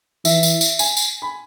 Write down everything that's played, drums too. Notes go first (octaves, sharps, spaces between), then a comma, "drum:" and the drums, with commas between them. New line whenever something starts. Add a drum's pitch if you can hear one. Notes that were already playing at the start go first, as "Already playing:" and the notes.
E3 E5, drum: tambourine
drum: tambourine
drum: tambourine
G#5, drum: tambourine
drum: tambourine
B5